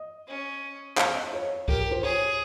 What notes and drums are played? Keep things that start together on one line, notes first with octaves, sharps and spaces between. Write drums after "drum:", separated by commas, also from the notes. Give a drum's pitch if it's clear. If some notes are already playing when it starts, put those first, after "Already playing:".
Already playing: D#5
C#4
C4 F5, drum: clap
D#5
C#5
G4 A#4, drum: kick C2
A#4
C5
G#4 C#5